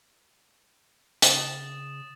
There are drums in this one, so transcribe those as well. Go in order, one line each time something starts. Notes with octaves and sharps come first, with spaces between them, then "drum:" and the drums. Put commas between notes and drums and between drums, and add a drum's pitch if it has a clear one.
C#3 D#6 A6 E7, drum: hi-hat